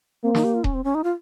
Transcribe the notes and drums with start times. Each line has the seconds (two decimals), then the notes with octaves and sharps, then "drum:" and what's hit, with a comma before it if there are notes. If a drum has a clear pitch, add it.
0.24 A#3 C4
0.35 D#4, drum: snare
0.44 G4
0.54 F4
0.64 C#4, drum: kick D#1
0.74 C4
0.84 C#4
0.95 D#4
1.04 F4